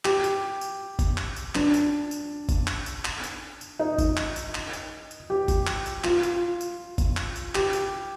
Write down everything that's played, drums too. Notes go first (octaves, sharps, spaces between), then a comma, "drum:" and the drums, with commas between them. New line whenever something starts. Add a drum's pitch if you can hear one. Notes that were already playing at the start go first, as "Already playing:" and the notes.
G4, drum: clap
drum: tambourine
drum: tambourine
drum: kick, tambourine
drum: clap
drum: tambourine
D4, drum: clap
drum: tambourine
drum: tambourine
drum: kick, tambourine
drum: clap
drum: tambourine
drum: clap
drum: tambourine
drum: tambourine
D#4
drum: kick, tambourine
drum: clap
drum: tambourine
drum: clap
drum: tambourine
drum: tambourine
G4
drum: kick, tambourine
drum: clap
drum: tambourine
F4, drum: clap
drum: tambourine
drum: tambourine
drum: kick, tambourine
drum: clap
drum: tambourine
G4, drum: clap
drum: tambourine